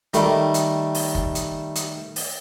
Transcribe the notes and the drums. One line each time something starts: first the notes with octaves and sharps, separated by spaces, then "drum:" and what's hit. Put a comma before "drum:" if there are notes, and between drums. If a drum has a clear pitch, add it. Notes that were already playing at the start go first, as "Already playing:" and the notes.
D#3 G3 A3, drum: hi-hat
drum: hi-hat
drum: open hi-hat
drum: kick
drum: hi-hat
drum: hi-hat
drum: open hi-hat